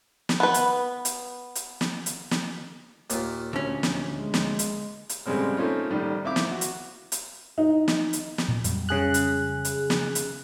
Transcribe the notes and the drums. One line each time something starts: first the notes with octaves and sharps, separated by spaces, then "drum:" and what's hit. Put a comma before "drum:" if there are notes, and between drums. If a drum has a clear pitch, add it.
drum: snare
B3 B4
drum: hi-hat
drum: hi-hat
drum: hi-hat
drum: snare
drum: hi-hat
drum: snare
D#2 A#2, drum: hi-hat
D2 C#4
drum: snare
G#3
drum: snare
drum: hi-hat
drum: hi-hat
A2 C#3 G3 G#3 C4 F6
A3 A#3 C4 C#4 D#4 F4
A1 D#3 G3 F6
C4 E4 F5 D6
drum: snare
F#4
drum: hi-hat
drum: hi-hat
D#4
drum: snare
drum: hi-hat
drum: snare
A#2
F2 F#3 G3, drum: hi-hat
C#3 G#4 F#6
drum: hi-hat
drum: hi-hat
drum: snare
drum: hi-hat